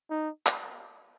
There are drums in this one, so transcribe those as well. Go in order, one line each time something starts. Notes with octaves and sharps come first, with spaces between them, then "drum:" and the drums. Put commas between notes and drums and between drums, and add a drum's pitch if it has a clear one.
D#4
drum: clap